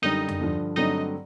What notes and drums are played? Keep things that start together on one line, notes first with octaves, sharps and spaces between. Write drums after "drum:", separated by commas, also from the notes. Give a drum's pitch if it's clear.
F#2 D3 G3 D#4 D#5
drum: tom F2
G2 D3 F3
G2 D3 F#3 A3 C4 D#4 D#5